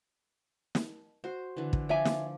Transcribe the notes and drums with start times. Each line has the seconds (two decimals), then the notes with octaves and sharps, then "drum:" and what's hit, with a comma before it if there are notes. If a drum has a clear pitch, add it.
0.75 drum: snare
1.24 F#4 C5
1.57 D3 E3
1.73 drum: kick
1.89 F3 C#5 E5 G#5 D6
2.05 drum: snare